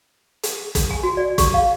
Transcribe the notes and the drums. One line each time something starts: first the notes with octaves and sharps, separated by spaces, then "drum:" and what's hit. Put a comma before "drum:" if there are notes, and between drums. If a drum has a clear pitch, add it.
drum: hi-hat
drum: kick, hi-hat
G#5
F#4
D5
C#6, drum: kick, hi-hat
F5